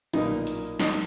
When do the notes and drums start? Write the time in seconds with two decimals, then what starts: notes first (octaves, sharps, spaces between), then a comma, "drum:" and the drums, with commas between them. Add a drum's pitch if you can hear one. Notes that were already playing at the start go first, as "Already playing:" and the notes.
0.13 B1 A#2 A#3 D#4, drum: hi-hat
0.47 drum: hi-hat
0.80 D#4, drum: snare